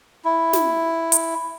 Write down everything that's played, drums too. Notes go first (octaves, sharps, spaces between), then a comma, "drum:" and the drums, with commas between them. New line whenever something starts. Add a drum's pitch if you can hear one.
E4
drum: snare
drum: hi-hat